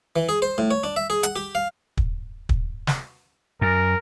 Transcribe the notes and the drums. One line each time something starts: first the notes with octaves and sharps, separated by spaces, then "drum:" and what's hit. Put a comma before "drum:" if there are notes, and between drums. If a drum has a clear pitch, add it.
E3
G#4
C5
A2
C#5
D4
E5
G#4
F#5, drum: hi-hat
G4
F5
drum: kick
drum: kick
drum: snare
F#2 A#4